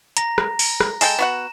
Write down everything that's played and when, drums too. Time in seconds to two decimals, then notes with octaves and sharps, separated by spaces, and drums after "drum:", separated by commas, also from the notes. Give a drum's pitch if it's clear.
0.17 A#5 A#6, drum: hi-hat
0.38 drum: rim click
0.59 drum: open hi-hat
0.80 drum: rim click
1.01 G#3 A4 G5 E7, drum: open hi-hat
1.19 B3 F#4 F#5